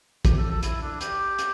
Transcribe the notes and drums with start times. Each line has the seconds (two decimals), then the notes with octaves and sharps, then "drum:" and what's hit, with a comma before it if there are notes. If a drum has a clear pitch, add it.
0.25 G4, drum: kick, hi-hat
0.37 A4
0.51 A4
0.63 E4, drum: hi-hat
0.82 D4
1.01 G4, drum: hi-hat
1.39 drum: hi-hat